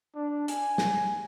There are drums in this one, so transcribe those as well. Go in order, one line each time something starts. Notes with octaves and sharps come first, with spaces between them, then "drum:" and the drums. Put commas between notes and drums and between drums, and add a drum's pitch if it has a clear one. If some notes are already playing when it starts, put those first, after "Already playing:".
D4
G#5, drum: hi-hat
drum: snare